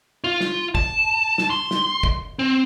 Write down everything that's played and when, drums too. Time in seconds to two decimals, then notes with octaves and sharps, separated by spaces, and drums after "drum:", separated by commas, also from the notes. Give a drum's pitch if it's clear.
0.24 F4
0.40 drum: snare
0.75 A5, drum: kick
1.38 drum: snare
1.50 C6
1.71 drum: snare
2.03 drum: kick
2.39 C4